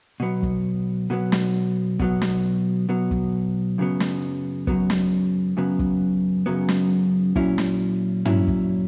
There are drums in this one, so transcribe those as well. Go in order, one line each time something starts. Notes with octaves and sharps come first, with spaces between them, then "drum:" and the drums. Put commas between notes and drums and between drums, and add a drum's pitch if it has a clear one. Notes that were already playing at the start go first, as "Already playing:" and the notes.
B2 F#3 B3
drum: kick
B2 F#3 B3
drum: snare
B2 F#3 B3, drum: kick
drum: snare
B2 F#3 B3
drum: kick
F#2 C#3 F#3 B3
drum: snare
F#2 C#3 F#3 B3, drum: kick
drum: snare
F#2 C#3 F#3 B3
drum: kick
F#2 C#3 F#3 B3
drum: snare
A#2 F#3 C#4 E4, drum: kick
drum: snare
A#2 F#3 C#4 E4, drum: tom
drum: kick